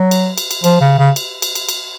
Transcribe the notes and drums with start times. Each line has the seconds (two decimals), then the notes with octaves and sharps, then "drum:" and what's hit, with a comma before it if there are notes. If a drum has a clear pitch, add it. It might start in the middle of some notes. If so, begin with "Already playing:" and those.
Already playing: F#3
0.11 drum: cymbal
0.38 drum: cymbal
0.51 drum: cymbal
0.64 F3, drum: cymbal
0.81 C#3
0.98 C#3
1.16 drum: cymbal
1.42 drum: cymbal
1.55 drum: cymbal
1.69 drum: cymbal